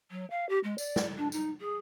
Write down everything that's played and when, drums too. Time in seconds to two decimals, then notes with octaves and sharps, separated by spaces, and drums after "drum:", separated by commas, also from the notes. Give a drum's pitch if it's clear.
0.11 F#3
0.30 F5
0.49 G4
0.63 G#3
0.78 D5, drum: tambourine
0.96 drum: snare
1.17 D4
1.32 D#4, drum: tambourine
1.61 G#4